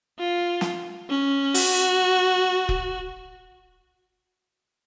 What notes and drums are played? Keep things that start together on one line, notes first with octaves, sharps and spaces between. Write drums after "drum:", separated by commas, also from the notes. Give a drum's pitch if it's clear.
F4
drum: snare
C#4
F#4, drum: open hi-hat
drum: kick